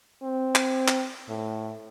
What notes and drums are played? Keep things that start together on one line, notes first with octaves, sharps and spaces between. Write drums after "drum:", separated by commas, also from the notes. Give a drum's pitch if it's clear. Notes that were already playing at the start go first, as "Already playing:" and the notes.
C4
drum: clap
drum: clap
A2